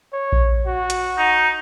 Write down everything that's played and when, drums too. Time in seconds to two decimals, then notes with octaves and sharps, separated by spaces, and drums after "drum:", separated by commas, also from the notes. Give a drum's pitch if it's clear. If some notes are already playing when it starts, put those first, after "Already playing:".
0.13 C#5
0.32 drum: kick A#1
0.66 F#4
0.90 drum: hi-hat
1.18 D#4